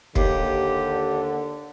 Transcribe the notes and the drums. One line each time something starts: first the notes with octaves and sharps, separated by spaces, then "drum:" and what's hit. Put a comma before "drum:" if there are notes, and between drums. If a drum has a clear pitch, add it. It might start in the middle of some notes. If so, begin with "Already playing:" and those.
D#2 D3 G4, drum: kick